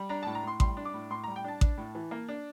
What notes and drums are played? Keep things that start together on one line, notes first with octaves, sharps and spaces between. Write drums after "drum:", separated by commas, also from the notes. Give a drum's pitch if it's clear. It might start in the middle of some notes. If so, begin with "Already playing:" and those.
Already playing: G3
D4 A#5
A2 A5
A#5
A2 C6
G3 C6, drum: kick A1
D4
D6
A2
A2 C6
A#5
G3
G5
D4 A5
D4, drum: kick A1
A2
E3
A#3
D4